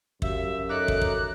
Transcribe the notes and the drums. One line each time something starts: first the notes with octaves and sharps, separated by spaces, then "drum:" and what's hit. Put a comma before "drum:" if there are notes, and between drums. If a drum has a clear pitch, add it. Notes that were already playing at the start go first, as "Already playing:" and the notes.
F#2 G4 E5 F5, drum: kick
D#4 A4 C#5 E5 A#5 D6 F#6
drum: kick
drum: kick